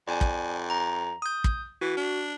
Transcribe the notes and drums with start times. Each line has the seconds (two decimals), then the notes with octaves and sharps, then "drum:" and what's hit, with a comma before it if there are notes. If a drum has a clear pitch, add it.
0.08 F2 D5 G#5
0.21 drum: kick
0.70 A#5
1.22 D#6 G6
1.44 drum: kick
1.81 E3 F#4
1.97 D4